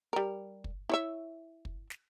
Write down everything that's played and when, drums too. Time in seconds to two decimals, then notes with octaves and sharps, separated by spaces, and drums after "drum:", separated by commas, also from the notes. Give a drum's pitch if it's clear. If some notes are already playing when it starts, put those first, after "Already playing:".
0.13 G3 A#4
0.64 drum: kick
0.89 E4 C#5 E5
1.65 drum: kick
1.90 drum: snare